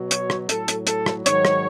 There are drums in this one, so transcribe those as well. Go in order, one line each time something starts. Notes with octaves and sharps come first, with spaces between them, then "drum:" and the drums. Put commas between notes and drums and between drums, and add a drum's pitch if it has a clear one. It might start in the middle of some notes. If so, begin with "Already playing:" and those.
Already playing: B2 F#3
C#5, drum: hi-hat
drum: rim click
A2 F#3 A4, drum: hi-hat
drum: hi-hat
A4, drum: hi-hat
drum: rim click
G#2 D#3 F#3 C#5, drum: hi-hat
drum: rim click